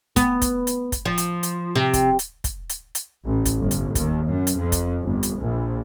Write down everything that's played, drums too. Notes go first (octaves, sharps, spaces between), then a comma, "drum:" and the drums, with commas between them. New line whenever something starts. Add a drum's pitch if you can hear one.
B3, drum: kick, hi-hat
drum: kick, hi-hat
drum: hi-hat
drum: kick, hi-hat
F3
drum: hi-hat
drum: hi-hat
C3
drum: kick, hi-hat
drum: hi-hat
drum: kick, hi-hat
drum: hi-hat
drum: hi-hat
A1
drum: kick, hi-hat
G1
drum: hi-hat
D#2, drum: kick, hi-hat
F#2
drum: hi-hat
F2
drum: kick, hi-hat
G1
drum: hi-hat
A#1